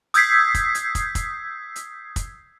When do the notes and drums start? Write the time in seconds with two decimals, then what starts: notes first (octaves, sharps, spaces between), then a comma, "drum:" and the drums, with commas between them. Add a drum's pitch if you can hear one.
0.14 D#6 E6 G6 G#6 B6 C7, drum: hi-hat
0.54 drum: kick, hi-hat
0.75 drum: hi-hat
0.95 drum: kick, hi-hat
1.15 drum: kick, hi-hat
1.76 drum: hi-hat
2.16 drum: kick, hi-hat